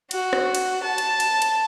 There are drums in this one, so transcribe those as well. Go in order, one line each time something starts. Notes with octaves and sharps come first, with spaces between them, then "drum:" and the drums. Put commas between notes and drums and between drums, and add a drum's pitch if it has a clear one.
F#4, drum: cymbal
drum: rim click
drum: cymbal
A5
drum: cymbal
drum: cymbal
drum: cymbal